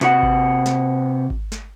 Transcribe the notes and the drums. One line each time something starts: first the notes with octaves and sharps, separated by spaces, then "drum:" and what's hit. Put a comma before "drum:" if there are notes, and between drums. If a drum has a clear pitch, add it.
C3 F#4 F#5, drum: snare
drum: kick G#1
drum: snare
drum: kick G#1
drum: snare